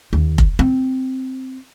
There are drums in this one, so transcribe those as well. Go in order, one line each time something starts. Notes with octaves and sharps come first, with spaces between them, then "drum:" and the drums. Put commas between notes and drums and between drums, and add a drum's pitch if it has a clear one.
D#2
drum: kick F1
C4